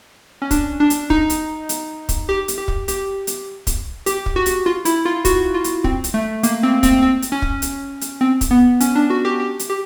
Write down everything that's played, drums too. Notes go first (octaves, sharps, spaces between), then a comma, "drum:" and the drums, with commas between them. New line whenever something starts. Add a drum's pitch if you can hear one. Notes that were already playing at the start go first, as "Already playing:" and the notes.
C#4
D4, drum: kick, hi-hat
D4
drum: hi-hat
D#4, drum: kick
drum: hi-hat
drum: hi-hat
drum: kick, hi-hat
G4
drum: hi-hat
G4
drum: kick
G4, drum: hi-hat
drum: hi-hat
drum: kick, hi-hat
G4, drum: hi-hat
drum: kick
F#4
drum: hi-hat
F4
E4, drum: hi-hat
F4
F#4, drum: kick, hi-hat
F4
drum: hi-hat
C4, drum: kick
drum: hi-hat
A3
A#3, drum: hi-hat
C4
C4, drum: kick, hi-hat
C4
drum: hi-hat
C#4
drum: kick
drum: hi-hat
drum: hi-hat
C4
drum: kick, hi-hat
B3
C#4, drum: hi-hat
D4
F#4
G4
G4
drum: hi-hat
G4